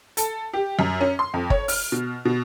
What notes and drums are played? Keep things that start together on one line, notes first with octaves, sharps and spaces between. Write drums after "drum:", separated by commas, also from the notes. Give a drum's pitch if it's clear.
A4, drum: hi-hat
G4
F#2
C#4
C6
F2
C#5, drum: kick
F6, drum: open hi-hat
B2
B2